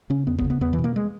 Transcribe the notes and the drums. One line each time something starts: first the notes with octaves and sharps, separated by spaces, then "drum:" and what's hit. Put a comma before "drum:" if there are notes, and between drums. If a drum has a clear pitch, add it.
C#3 C#4
E2 B3
B3, drum: kick
C#3
B3
E2 B3
E3
B2
A#3
G#3